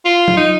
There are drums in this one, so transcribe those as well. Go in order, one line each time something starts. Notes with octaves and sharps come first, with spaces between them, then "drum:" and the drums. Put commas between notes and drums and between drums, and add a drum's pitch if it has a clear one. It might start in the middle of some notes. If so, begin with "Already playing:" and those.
F4
drum: tom
D#4